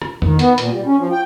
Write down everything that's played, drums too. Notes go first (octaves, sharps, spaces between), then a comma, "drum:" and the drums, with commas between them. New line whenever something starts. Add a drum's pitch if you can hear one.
drum: rim click
D#3, drum: tom
B3, drum: hi-hat
A#2, drum: hi-hat
G3
C#4
F3
G5